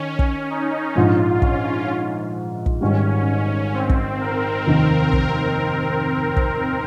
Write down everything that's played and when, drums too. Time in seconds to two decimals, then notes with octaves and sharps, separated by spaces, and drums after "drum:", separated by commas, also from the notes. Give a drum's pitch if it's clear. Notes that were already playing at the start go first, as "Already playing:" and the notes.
Already playing: D#3 C#4
0.19 drum: kick
0.50 D#4
0.96 A#1 G#2 F3 F4
1.42 C#4, drum: kick
2.66 drum: kick
2.81 G#1 G#2 G3 C#4
3.74 C4
3.89 drum: kick
4.21 A#4
4.67 F1 D#2 D#3
5.13 drum: kick
6.36 drum: kick